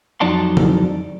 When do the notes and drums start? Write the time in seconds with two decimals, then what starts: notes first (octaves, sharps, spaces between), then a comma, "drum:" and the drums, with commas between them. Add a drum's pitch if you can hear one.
0.21 F2 F#3 D#4 D5 A5 C6
0.57 drum: tom C#3